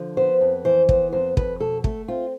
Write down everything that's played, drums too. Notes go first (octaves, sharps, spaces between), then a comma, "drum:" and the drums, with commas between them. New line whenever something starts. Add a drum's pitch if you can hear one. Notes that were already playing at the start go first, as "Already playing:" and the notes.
Already playing: D3 F3
B3 C5
F2
E3 C5
B3 C5, drum: kick
F2 C5
F2 B4, drum: kick
B2 A4
A3 A4, drum: kick
C4 F4